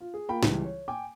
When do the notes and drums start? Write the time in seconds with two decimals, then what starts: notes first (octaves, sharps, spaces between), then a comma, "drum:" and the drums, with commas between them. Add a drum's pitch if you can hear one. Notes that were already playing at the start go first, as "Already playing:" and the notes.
0.01 F4
0.14 G#4
0.29 A#3 F4 G5 B5
0.43 C#2 E3 G3, drum: snare
0.65 C#5
0.88 G5 G#5 D6